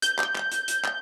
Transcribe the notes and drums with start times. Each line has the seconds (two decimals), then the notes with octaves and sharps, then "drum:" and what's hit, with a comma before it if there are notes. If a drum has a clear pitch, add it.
0.02 G6, drum: hi-hat
0.19 drum: clap
0.35 drum: clap
0.52 drum: hi-hat
0.68 drum: hi-hat
0.84 drum: clap